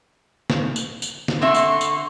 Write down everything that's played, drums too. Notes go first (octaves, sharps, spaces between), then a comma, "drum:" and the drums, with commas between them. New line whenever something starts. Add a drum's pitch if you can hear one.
drum: snare
drum: tambourine
drum: tambourine
drum: snare
D3 C4 E5 C6 C#6
drum: tambourine
drum: tambourine